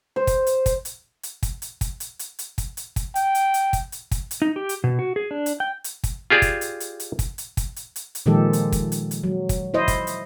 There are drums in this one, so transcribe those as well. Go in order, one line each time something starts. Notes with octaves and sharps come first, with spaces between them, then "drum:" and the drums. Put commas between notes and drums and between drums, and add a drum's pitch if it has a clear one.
C5
drum: kick, hi-hat
drum: hi-hat
drum: kick, hi-hat
drum: hi-hat
drum: hi-hat
drum: kick, hi-hat
drum: hi-hat
drum: kick, hi-hat
drum: hi-hat
drum: hi-hat
drum: hi-hat
drum: kick, hi-hat
drum: hi-hat
drum: kick, hi-hat
G5, drum: hi-hat
drum: hi-hat
drum: hi-hat
drum: kick, hi-hat
drum: hi-hat
drum: kick, hi-hat
drum: hi-hat
D#4
G4
drum: hi-hat
B2
F#4
G#4
D4
drum: hi-hat
G5
drum: hi-hat
drum: kick, hi-hat
F4 G4 G#4 D5
drum: kick, hi-hat
drum: hi-hat
drum: hi-hat
drum: hi-hat
drum: kick, hi-hat
drum: hi-hat
drum: kick, hi-hat
drum: hi-hat
drum: hi-hat
drum: hi-hat
A#2 D#3 F3 G#3 G4 A4
drum: hi-hat
drum: kick, hi-hat
drum: hi-hat
drum: hi-hat
F#3
drum: kick, hi-hat
E4 C5 D#5
drum: kick, hi-hat
drum: hi-hat